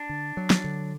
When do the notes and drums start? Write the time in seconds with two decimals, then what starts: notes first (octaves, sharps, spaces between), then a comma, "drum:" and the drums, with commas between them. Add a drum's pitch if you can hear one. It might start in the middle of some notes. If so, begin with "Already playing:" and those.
Already playing: D4
0.09 D3
0.37 F#3
0.50 drum: snare
0.64 D3